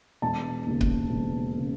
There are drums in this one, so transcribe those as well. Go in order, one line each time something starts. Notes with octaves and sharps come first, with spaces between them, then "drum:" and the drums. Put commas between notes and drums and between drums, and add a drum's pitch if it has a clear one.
E1 A5
D#2 C#3
drum: kick C#1
E1
C#3